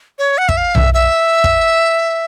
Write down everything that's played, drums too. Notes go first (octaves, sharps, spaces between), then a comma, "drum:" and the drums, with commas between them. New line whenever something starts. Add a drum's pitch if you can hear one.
C#5
F#5
E5, drum: kick
F5
E5, drum: tom B1
E5
drum: kick